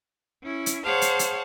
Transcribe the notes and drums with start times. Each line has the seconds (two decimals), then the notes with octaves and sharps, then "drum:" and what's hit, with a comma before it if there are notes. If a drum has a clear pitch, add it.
0.42 C#4 E4
0.66 drum: hi-hat
0.84 G#4 C5 C#5 F5 F#5 A5
1.02 drum: hi-hat
1.19 drum: hi-hat